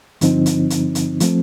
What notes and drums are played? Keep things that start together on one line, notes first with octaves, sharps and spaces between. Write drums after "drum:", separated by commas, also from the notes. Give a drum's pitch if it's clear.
G2 D3 F3 C4 D#4, drum: hi-hat
drum: hi-hat
drum: hi-hat
drum: hi-hat
F3 A3 C4, drum: hi-hat